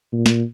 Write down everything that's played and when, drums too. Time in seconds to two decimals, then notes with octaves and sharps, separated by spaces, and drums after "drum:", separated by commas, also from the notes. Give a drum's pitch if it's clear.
0.12 A#2
0.26 drum: snare